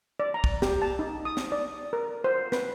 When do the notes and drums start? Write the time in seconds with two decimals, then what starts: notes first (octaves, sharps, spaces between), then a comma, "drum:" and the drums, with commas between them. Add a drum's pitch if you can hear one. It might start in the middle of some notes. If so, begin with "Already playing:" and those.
0.20 D5
0.34 A#5
0.44 drum: kick
0.62 G4, drum: snare
0.82 A5
0.99 D#4
1.25 D#6
1.37 drum: snare
1.52 D5
1.93 A#4
2.24 C5
2.52 B4, drum: snare